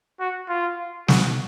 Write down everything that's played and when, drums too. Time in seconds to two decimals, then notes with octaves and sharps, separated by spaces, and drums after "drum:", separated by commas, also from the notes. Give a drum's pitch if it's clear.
0.20 F#4
0.49 F4
1.08 F#4, drum: snare